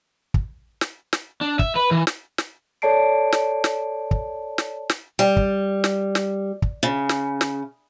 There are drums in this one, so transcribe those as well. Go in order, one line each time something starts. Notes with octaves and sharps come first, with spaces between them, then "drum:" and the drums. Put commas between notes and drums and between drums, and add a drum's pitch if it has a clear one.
drum: kick
drum: snare
drum: snare
D4
E5, drum: kick
B4
E3
drum: snare
drum: snare
A4 C#5 D5 A5 C7 D7
drum: snare
drum: snare
drum: kick
drum: snare
drum: snare
G3
drum: kick
drum: snare
drum: snare
drum: kick
C#3
drum: snare
drum: snare